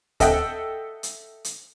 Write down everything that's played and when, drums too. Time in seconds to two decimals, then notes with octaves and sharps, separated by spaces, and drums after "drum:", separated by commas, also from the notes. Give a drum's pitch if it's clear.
0.20 A4 D#5 E5 F#5 G5, drum: kick D2, hi-hat
1.03 drum: hi-hat
1.44 drum: hi-hat